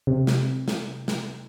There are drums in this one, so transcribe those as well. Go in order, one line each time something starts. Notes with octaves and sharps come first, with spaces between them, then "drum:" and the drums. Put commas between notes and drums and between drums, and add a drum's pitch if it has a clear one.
C3
drum: snare
drum: snare
drum: snare